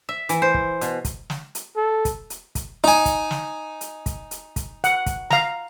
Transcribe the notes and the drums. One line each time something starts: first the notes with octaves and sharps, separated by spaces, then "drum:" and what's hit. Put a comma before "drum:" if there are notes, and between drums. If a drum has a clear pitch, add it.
E5
E3, drum: hi-hat
C5
drum: kick
B2, drum: hi-hat
drum: kick, hi-hat
drum: snare
drum: hi-hat
A4
drum: kick, hi-hat
drum: hi-hat
drum: kick, hi-hat
D#4 G#5
drum: kick, hi-hat
drum: snare
drum: hi-hat
drum: kick, hi-hat
drum: hi-hat
drum: kick, hi-hat
F#5, drum: hi-hat
drum: kick, hi-hat
F5 A#5, drum: snare